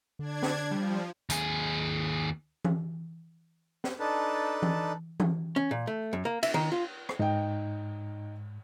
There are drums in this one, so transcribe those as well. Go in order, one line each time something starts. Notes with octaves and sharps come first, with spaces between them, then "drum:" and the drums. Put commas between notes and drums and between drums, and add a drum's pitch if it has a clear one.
D3 D4 G#6
drum: snare
F3 G3
D#2 G#4, drum: hi-hat
drum: tom E3
drum: snare
D4 D#4 A4 B4 A5
drum: tom E3
drum: tom E3
C#4
A#2
A3
F#2
A#3
E5, drum: cymbal
D#3
F4
drum: rim click
G#2 D#4 G5